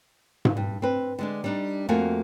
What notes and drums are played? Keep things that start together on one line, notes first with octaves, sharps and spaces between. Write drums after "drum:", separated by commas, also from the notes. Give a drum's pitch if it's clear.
drum: tom G#2
G2
C4 B4
D3 G#3 D4
G3 D4 D#4
F2 A3 A#3 F#4 F5 G#5